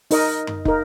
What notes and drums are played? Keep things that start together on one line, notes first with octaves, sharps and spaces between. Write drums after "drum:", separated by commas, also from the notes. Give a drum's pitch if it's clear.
D#4 A#4 D#5, drum: open hi-hat
drum: tom F#2
D#4 A#4, drum: kick